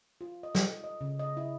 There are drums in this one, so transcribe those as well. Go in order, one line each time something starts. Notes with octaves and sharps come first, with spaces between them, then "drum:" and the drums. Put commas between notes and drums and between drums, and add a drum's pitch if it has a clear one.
F4
D#5
drum: snare
A4
D#5
C#3
D#5
E4